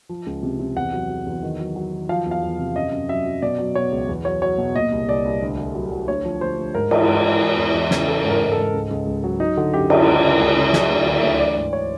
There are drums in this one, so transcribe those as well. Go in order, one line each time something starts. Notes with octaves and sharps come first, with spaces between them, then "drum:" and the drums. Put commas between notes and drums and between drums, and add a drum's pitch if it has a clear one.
F3
C#2
C3
C3
E2 F#5
F#3
F#3
E2
D#3
F#3
F#3
D#3
F3 F5
E2
F5
E2
C3
F#2 D#5
F#2
F#3 E5
F#3
B2 D5
F#3
B2 C#5
C#2
E2
F#3 C#5
F#3 C#5
B2
A#2 D#5
C2
C2 D5
C2
D2
D3
F#3
F#3
D2 C#5
F3
D2 C5
D2
G#2 A#4
E3, drum: cymbal
G#2
G#2
E3
E2
E2
C#3, drum: snare
E3 A4
G#2
A#4
G#2
A4
G#2
C#2
C#2
C#2
F#3
F#3 D#4
D3
F#2 G4
D3, drum: cymbal
C#2
C#3
C#2
C#3
F#3 G#4, drum: snare
D2
D5
D3
E5
D2
E3 D5
G#2
C#5